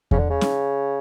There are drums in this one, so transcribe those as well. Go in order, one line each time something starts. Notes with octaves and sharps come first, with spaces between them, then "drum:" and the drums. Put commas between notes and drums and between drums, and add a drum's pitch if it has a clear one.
C#3, drum: kick E2
D3
C#3
drum: snare